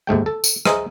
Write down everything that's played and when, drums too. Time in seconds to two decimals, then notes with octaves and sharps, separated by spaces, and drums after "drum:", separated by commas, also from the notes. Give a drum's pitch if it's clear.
0.07 D#2 G#2 A3 G5
0.26 A4
0.44 drum: tambourine
0.65 G#4 A#4 C5 D#5 E5, drum: rim click